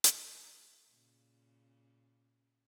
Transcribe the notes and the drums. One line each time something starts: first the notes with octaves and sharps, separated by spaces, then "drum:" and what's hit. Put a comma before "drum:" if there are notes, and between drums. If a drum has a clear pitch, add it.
drum: hi-hat
A#2 C#3